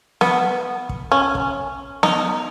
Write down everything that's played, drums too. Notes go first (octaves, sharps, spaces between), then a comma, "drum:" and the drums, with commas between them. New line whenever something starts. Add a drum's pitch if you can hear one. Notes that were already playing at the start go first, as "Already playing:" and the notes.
B3, drum: snare B3
drum: kick
C#4
drum: kick
D#4, drum: snare B3